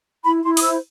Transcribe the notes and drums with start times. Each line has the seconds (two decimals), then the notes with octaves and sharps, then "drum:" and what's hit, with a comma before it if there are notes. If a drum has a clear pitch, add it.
0.24 E4 B5
0.44 E4 C6
0.57 D#6, drum: open hi-hat
0.62 C5 E6